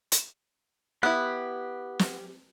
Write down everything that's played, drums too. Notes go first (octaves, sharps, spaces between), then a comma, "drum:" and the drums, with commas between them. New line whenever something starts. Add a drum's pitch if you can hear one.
drum: hi-hat
B3 E4 G4 F#6
drum: snare